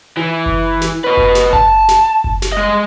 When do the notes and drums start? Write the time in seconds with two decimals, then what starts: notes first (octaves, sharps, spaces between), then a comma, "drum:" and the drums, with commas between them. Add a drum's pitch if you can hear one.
0.17 E3
0.46 drum: kick F#1
0.82 drum: snare
1.04 B4 D#5
1.17 drum: kick F#1
1.35 drum: snare
1.53 A5, drum: kick F#1
1.89 drum: snare
2.24 drum: kick F#1
2.42 drum: snare
2.52 G#3 D#5